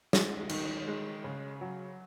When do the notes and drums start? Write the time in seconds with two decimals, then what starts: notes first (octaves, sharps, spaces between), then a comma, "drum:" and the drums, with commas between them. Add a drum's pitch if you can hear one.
0.13 G#3, drum: snare
0.49 D#3, drum: cymbal
0.87 G#3
1.24 C#3
1.61 F#3